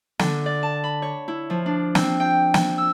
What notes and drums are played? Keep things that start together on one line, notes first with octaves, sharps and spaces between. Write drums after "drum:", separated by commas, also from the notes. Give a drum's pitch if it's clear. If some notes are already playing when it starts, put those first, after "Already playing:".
D3, drum: snare
D5
A5
B5
C#5
E4
F3
D4
C4, drum: snare
G5
drum: snare
E6